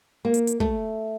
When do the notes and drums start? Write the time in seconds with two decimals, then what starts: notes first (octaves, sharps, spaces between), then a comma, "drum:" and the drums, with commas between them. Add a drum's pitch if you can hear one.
0.25 A#3
0.34 drum: hi-hat
0.47 drum: hi-hat
0.60 A3, drum: kick